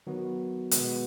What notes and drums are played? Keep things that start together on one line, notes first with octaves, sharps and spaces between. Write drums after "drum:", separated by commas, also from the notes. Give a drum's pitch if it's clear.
D#3 F#3 B3 F#4
B2 G#3 B3 F#4, drum: hi-hat